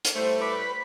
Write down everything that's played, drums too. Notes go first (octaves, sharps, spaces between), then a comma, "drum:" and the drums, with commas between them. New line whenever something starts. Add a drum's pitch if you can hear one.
drum: hi-hat
A2 G3 A3 C5
B4 D6
B6